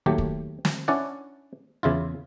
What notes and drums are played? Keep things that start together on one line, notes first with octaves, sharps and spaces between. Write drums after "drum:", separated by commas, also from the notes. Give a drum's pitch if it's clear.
D#2 F#3 A3 G4
drum: kick
drum: snare
C#4 D4 E4 D5 F#5
E2 C#3 E4 F4